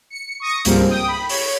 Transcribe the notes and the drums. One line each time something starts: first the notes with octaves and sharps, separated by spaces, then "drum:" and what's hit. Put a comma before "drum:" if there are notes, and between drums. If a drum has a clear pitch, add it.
C#7
C#6 D#6 A#6 C#7
C#2 G#2 F3 G3 A#3 C4, drum: hi-hat
G5 D#6
B5
C#5, drum: open hi-hat